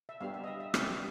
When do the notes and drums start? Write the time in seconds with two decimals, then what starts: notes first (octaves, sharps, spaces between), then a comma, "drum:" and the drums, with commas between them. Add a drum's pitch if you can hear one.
0.09 E5
0.21 G3 B3 D4 G4 F5
0.34 E5
0.44 D#5
0.47 E5
0.60 E5
0.74 G3 B3 D4 G4 F5, drum: rim click